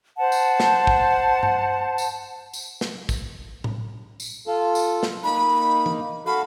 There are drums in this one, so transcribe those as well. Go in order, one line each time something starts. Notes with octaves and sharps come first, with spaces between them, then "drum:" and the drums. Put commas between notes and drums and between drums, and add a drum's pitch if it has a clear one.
C5 F#5 A5
drum: tambourine
drum: snare
drum: kick
drum: tom G2
drum: tambourine
drum: tambourine
drum: snare
drum: kick, tambourine
drum: tom A2
drum: tambourine
F4 A4
drum: tambourine
drum: snare
A#3 D#4 B5
drum: tom E3
F#4 A4 F5 B5